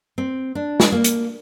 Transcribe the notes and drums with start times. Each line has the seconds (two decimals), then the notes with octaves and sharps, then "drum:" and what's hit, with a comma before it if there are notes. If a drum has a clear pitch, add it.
0.18 C4
0.55 D4
0.80 drum: snare
0.92 A#3
1.04 drum: hi-hat